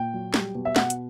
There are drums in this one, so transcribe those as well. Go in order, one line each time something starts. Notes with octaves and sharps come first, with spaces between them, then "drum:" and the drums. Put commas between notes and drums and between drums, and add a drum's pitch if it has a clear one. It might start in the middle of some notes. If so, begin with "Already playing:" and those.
Already playing: A#2 G5
F#3
G3, drum: snare
B2
E5
B2 F#5, drum: snare
drum: hi-hat